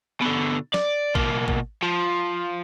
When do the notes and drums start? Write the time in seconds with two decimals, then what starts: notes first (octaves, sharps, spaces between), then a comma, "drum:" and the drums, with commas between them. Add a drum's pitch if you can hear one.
0.22 B2 D3
0.74 D5, drum: snare
1.15 B2 A#3, drum: kick
1.48 drum: kick
1.82 F3